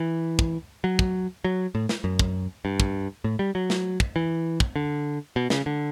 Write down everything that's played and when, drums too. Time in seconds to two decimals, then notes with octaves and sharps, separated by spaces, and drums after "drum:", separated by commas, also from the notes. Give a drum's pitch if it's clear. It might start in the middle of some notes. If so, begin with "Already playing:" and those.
Already playing: E3
0.39 drum: kick
0.84 F#3
0.99 drum: kick
1.45 F#3
1.75 A2
1.89 drum: snare
2.04 F#2
2.19 drum: kick
2.65 G2
2.80 drum: kick
3.24 A2
3.39 G3
3.55 F#3
3.70 drum: snare
4.00 drum: kick
4.16 E3
4.60 drum: kick
4.76 D3
5.36 B2
5.50 C#3, drum: snare
5.66 D3